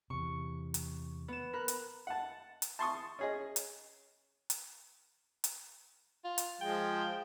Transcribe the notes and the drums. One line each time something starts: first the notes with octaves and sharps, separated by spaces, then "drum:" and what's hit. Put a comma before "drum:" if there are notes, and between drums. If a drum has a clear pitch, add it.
E2 C3 C#6
drum: hi-hat
B3 E7
A#4 B5 F#6
drum: hi-hat
F#5 A5
drum: hi-hat
A5 C6 C#6 D#6
C#4 G#4 D#5
drum: hi-hat
drum: hi-hat
drum: hi-hat
F4
drum: hi-hat
F3 G#3 G5